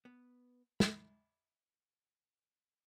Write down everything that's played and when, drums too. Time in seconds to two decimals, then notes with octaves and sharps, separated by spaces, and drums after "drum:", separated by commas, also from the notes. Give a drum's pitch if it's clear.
0.05 B3
0.80 B5, drum: snare